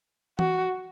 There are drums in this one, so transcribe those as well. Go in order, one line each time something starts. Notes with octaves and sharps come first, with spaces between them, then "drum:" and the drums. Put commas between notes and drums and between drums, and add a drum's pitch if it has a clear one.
F#4, drum: tom E3